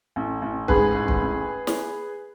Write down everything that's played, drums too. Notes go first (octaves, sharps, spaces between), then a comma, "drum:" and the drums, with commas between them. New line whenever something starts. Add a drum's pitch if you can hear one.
A1
A1
G#2 G#4 B4, drum: kick
A1
drum: kick
A1
drum: snare